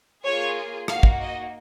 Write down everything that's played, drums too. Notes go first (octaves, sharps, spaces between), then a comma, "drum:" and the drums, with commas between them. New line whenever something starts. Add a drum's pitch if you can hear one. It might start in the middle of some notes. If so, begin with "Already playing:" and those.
A#3 F4 G#4 C#5
A#3 D#4 F#4 F5, drum: rim click
drum: kick
D#5